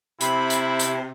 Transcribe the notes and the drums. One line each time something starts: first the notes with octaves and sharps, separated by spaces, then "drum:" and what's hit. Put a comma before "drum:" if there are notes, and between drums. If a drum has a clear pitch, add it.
C3 E4 B5, drum: hi-hat
drum: hi-hat
drum: hi-hat